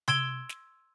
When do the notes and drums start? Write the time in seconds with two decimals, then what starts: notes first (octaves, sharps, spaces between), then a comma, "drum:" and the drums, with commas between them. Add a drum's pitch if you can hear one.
0.08 C6 E6 G#6 D7 E7 G7, drum: tom C3
0.49 drum: snare